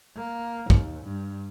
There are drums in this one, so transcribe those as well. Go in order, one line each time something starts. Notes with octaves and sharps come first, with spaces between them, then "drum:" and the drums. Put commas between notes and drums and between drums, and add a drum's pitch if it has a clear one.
A#3
D#2, drum: kick
G2